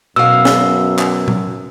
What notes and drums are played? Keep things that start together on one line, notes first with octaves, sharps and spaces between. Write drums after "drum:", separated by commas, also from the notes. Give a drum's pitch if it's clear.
F#2 B2 F5 E6
drum: snare
drum: clap
drum: tom A#2